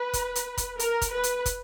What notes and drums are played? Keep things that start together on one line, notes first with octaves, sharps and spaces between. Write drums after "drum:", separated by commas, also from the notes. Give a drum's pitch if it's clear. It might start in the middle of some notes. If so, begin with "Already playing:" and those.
Already playing: B4
drum: kick, hi-hat
drum: hi-hat
drum: kick, hi-hat
A#4, drum: hi-hat
drum: kick, hi-hat
B4
drum: hi-hat
drum: kick, hi-hat